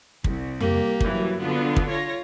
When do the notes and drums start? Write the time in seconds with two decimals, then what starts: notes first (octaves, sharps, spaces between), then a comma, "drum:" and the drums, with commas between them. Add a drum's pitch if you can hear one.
0.24 C2, drum: kick
0.61 A#3 G4, drum: tom F2
1.00 F#2 E3 F#3, drum: kick
1.40 D3 F#3 B3 F4
1.76 drum: kick
1.88 F4 C#5 A#6